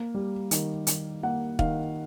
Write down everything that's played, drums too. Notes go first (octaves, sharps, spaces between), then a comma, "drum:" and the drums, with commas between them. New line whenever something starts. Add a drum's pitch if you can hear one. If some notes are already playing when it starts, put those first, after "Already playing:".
Already playing: A#3
G3
D#3, drum: hi-hat
D#3, drum: hi-hat
A#3 F#5
D#3 F5, drum: kick